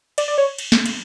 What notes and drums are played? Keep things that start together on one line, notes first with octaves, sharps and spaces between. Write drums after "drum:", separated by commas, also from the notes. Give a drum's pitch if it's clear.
D5, drum: cymbal
D5
C#5
drum: cymbal
drum: snare
drum: cymbal